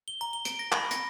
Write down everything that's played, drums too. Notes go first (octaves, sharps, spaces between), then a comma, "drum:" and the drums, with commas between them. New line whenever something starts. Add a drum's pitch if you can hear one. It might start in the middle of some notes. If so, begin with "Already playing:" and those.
G7
A#5
G7
D7, drum: hi-hat
A#6
B5, drum: clap
A#6, drum: hi-hat